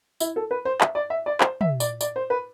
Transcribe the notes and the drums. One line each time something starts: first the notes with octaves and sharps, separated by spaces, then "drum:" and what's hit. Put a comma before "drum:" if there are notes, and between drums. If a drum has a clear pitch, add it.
E4, drum: tambourine
A4
B4
C5
E5, drum: clap
D5
E5
D5
C5, drum: clap
E5, drum: tom
D5, drum: tambourine
D5, drum: tambourine
C5
B4